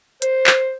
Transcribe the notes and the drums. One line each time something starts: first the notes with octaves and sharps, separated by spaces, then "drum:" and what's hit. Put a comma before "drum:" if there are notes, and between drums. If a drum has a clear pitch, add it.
C5, drum: hi-hat
drum: clap